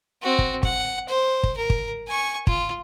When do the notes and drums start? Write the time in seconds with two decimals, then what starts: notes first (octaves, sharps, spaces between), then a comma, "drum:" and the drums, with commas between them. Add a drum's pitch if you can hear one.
0.22 C4 F#4
0.39 drum: kick
0.63 F#5, drum: kick
1.08 C5
1.43 drum: kick
1.57 A#4
1.70 drum: kick
2.08 G#5 C#6
2.47 F4, drum: kick